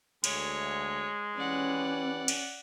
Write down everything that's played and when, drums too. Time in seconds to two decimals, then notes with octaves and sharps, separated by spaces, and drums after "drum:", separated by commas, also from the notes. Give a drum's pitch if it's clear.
0.24 D2 G#3 C#5, drum: cymbal
1.38 E3 C#4 G4 B4 D5 F#5
2.28 drum: cymbal